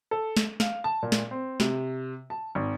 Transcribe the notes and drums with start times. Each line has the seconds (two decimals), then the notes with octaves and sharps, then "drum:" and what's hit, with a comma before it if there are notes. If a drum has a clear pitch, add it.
0.11 A4
0.37 drum: snare
0.60 F5, drum: snare
0.84 A5
1.03 A#2
1.12 drum: snare
1.31 C4
1.60 C3, drum: snare
2.30 A5
2.55 G#1